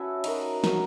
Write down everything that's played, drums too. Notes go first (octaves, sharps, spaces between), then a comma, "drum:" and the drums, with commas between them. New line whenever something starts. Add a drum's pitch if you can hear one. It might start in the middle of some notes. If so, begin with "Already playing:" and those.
Already playing: C#4 E4 F#4 A4 B4 E5
D#4 F#4 A#4, drum: cymbal
D#4 F#4 A#4, drum: snare